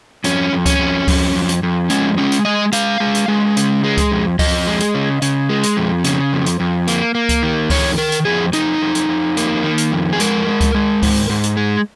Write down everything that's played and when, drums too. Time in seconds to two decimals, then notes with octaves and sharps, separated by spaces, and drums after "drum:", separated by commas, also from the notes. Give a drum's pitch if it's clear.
0.24 F2 C#4, drum: hi-hat
0.52 F2
0.66 C#4, drum: kick C#2, hi-hat
0.79 F2
1.08 F2, drum: kick C#2, open hi-hat
1.35 F2
1.49 drum: hi-hat
1.63 F2
1.90 G#3 C#4, drum: hi-hat
2.18 G#3 C#4
2.32 drum: hi-hat
2.45 G#3 D#5
2.72 G#3 F5, drum: hi-hat
3.00 G#3
3.15 drum: hi-hat
3.28 G#3
3.57 C#3, drum: hi-hat
3.84 G#3
3.97 drum: kick C#2, hi-hat
4.12 F2
4.39 F2 D#5, drum: kick C#2, open hi-hat
4.67 G#3
4.80 drum: hi-hat
4.94 C#3
5.22 C#3, drum: hi-hat
5.49 G#3
5.63 drum: hi-hat
5.77 F2
6.04 C#3, drum: hi-hat
6.33 F2
6.46 drum: hi-hat
6.60 F2
6.88 A#3, drum: hi-hat
7.15 A#3
7.29 drum: kick C#2, hi-hat
7.43 D#3
7.70 F2 C#5, drum: kick C#2, open hi-hat
7.98 D#3 A#4
8.12 drum: hi-hat
8.25 F2 G#4
8.53 F2 D#4, drum: hi-hat
8.82 F2
8.95 drum: hi-hat
9.09 F2
9.37 A#3, drum: hi-hat
9.63 D#3
9.78 drum: hi-hat
9.92 F2
10.13 G#4
10.20 G#3 A#4, drum: hi-hat
10.47 G#3
10.61 drum: kick C#2, hi-hat
10.74 G#3
11.02 G#2, drum: kick C#2, open hi-hat
11.30 G#2
11.43 drum: hi-hat
11.57 G#3